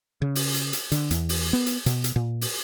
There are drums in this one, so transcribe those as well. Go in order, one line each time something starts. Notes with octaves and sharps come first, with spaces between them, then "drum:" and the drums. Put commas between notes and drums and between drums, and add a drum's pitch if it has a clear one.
C#3
drum: open hi-hat
drum: hi-hat
drum: hi-hat
D3, drum: hi-hat
E2, drum: hi-hat
drum: open hi-hat
B3
drum: hi-hat
B2, drum: hi-hat
drum: hi-hat
A#2
drum: open hi-hat